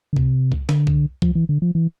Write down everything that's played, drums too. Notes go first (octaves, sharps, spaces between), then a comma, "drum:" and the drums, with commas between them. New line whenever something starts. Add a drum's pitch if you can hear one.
D3
C3, drum: kick
drum: kick
D3, drum: snare
drum: kick
F3, drum: kick
E3
D3
F3
E3